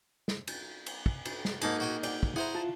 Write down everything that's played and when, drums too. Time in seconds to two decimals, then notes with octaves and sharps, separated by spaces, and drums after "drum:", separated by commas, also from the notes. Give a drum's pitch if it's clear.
0.28 drum: snare
0.47 drum: cymbal
0.86 drum: cymbal
1.06 drum: kick
1.25 drum: cymbal
1.45 drum: snare
1.62 G#2 A#3 D#4 G#4 A5 B5, drum: cymbal
1.80 F#4 D#5 G5 G#5
2.03 D5 F#5 G5, drum: cymbal
2.23 drum: kick
2.36 E4 G#4 C5 F#5 A#5
2.55 F4 A5